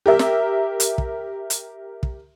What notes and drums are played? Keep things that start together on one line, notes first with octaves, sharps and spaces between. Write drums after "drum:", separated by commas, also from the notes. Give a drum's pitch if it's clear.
G4 A#4 E5
drum: snare
drum: hi-hat
drum: kick
drum: hi-hat
drum: kick